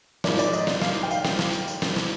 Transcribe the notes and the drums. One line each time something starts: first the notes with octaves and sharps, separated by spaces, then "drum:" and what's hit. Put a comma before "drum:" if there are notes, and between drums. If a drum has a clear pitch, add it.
G#2 F3 A#3 D5, drum: snare
D5, drum: tambourine
D#5, drum: tambourine
drum: snare
F5, drum: snare
G5
F5, drum: tambourine
drum: snare
drum: snare
drum: tambourine
drum: tambourine
drum: snare
drum: snare